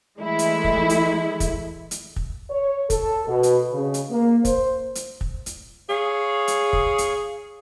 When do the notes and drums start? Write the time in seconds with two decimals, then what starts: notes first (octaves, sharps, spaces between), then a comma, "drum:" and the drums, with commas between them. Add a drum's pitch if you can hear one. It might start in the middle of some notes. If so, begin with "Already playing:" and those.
0.18 E3 G#3 A3 E4
0.39 drum: hi-hat
0.64 drum: kick
0.90 drum: hi-hat
1.40 drum: kick, hi-hat
1.91 drum: hi-hat
2.16 drum: kick
2.49 C#5
2.90 A4, drum: kick, hi-hat
3.27 B2
3.43 drum: hi-hat
3.72 C#3
3.94 drum: hi-hat
4.11 A#3
4.45 C5, drum: kick, hi-hat
4.95 drum: hi-hat
5.21 drum: kick
5.46 drum: hi-hat
5.89 G#4 C#5 F5
6.48 drum: hi-hat
6.73 drum: kick
6.98 drum: hi-hat